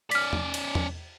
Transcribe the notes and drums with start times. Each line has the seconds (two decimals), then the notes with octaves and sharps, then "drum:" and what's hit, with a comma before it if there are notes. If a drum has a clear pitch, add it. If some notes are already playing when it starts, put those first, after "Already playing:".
0.11 C#4 D5 F6 B6, drum: cymbal
0.33 drum: tom E2
0.54 drum: cymbal
0.75 drum: tom E2